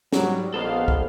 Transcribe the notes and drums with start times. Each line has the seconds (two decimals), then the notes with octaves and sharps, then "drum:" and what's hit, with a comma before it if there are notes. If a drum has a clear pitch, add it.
0.13 G#2 F#3 G3, drum: snare
0.54 A#1 B3 A4 C5 D#5 F5
0.88 drum: kick